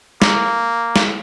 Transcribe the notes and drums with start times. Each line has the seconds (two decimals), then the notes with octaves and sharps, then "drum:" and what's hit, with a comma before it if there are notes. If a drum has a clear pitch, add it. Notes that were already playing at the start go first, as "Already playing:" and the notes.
0.22 A#3, drum: snare
0.96 drum: snare